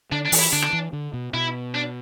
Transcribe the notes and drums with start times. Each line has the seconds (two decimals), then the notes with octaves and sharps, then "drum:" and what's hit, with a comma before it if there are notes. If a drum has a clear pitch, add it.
0.12 D3 D4
0.25 D4
0.32 E3, drum: open hi-hat
0.39 E4
0.53 D3 D4
0.62 drum: rim click
0.73 E3
0.93 D3
1.13 B2
1.34 B2 E4
1.74 D4